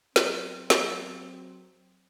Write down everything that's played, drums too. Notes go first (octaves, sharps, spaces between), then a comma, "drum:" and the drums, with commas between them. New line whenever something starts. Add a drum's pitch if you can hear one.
F#3 C4, drum: snare
drum: snare